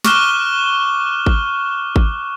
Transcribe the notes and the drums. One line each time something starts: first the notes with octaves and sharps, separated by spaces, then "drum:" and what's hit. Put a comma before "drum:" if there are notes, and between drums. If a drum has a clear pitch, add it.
C#6 D6 F6 F#6 E7 G7, drum: snare
drum: kick G#1
drum: kick G#1